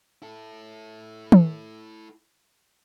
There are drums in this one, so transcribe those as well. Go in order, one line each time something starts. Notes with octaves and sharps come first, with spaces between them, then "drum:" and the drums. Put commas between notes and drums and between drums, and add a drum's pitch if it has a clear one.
E4 A4
drum: tom